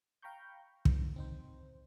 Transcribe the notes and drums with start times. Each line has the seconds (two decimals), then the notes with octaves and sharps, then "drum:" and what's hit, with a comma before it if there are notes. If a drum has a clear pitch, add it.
0.22 F5 G5 A#5 B5 C#6 G6
0.85 C3 D#3 F3 G3, drum: kick
1.16 C4 D#4 C5